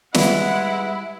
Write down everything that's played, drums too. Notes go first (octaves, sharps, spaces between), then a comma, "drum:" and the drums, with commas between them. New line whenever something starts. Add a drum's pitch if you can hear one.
G3 G#3 E4 B4 F#5, drum: snare